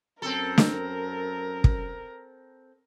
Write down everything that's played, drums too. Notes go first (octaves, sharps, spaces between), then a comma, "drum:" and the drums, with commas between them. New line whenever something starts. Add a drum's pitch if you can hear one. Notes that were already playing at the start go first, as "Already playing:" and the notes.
F#2 C4 A4 A#4
drum: snare
drum: kick